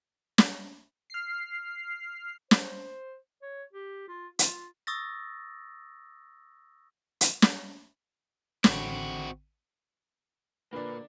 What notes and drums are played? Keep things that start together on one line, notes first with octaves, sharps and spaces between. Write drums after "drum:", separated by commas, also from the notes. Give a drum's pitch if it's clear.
drum: snare
F6 C7
C5, drum: snare
C#5
G4
F4
F4, drum: hi-hat
C#6 D#6 E6 A6 A#6
drum: hi-hat
drum: snare
A1 D3 C4 F#4 B5, drum: snare
A#2 D3 A#3 D4 B4